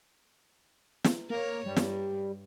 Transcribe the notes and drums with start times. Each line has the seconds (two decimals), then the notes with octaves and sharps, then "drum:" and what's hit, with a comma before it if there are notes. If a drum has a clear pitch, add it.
1.04 drum: snare
1.30 A#3 A#4 C#5
1.66 G2 G3
1.77 drum: snare